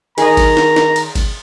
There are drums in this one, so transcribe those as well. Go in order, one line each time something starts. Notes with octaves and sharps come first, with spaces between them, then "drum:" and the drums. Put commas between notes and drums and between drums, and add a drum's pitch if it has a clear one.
D#3 G#4 D#5 A#5, drum: cymbal
drum: kick G1, cymbal
drum: snare
drum: snare
drum: cymbal
drum: kick G1, cymbal